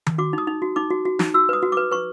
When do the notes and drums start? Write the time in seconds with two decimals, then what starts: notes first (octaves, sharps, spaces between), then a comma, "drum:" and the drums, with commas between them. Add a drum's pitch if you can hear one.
0.07 drum: tom D#3
0.18 F#4 D6
0.33 D#4 D#6
0.47 D#4
0.62 F#4
0.76 D#4 D6
0.90 F#4
1.05 F#4
1.19 D#4, drum: snare
1.34 F#4 E6
1.49 B4 D#6
1.62 F#4
1.72 B4 D6
1.91 B4 C#6